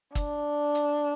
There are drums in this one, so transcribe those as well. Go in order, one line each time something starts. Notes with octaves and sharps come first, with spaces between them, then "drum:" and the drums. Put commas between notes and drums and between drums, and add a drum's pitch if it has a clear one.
D4, drum: kick, hi-hat
drum: hi-hat